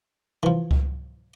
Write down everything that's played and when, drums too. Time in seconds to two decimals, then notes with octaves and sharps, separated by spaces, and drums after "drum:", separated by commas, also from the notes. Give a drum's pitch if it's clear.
0.43 E3 F3
0.71 drum: kick C#2